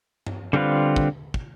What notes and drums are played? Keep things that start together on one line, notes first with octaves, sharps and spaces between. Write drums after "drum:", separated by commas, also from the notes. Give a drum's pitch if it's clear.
drum: tom G2
D3 G3 C4 F4 B4
drum: kick
drum: kick